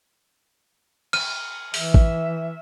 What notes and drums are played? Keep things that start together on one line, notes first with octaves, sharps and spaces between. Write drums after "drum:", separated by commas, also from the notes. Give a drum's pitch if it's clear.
F6 D#7, drum: cymbal
E3 E5, drum: open hi-hat
drum: kick A1